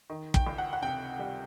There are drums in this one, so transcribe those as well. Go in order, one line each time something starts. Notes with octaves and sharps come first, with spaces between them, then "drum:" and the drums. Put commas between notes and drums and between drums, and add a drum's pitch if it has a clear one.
D#3
G5, drum: kick
C#2
F#5
F#5
C3 G5
G3